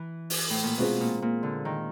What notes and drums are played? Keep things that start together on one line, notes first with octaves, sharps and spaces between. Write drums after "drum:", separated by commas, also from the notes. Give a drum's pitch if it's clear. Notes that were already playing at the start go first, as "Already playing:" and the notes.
Already playing: E3
drum: open hi-hat
A2
A#2
B2 G#3 C4 F4 G#4 C5
A#2
A#2
D3
D#3